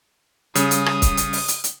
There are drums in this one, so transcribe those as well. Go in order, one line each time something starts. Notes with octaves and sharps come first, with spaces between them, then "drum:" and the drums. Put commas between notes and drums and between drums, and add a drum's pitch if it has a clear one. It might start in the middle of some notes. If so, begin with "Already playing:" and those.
C#3 G3 C#4 D#6, drum: hi-hat
drum: hi-hat
drum: rim click
drum: kick, hi-hat
drum: hi-hat
drum: open hi-hat
drum: hi-hat
drum: hi-hat